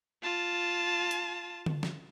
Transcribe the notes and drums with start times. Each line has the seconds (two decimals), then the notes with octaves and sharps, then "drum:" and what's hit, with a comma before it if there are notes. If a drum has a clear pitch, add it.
0.22 F4 A5
1.11 drum: hi-hat
1.66 drum: tom D3
1.83 drum: snare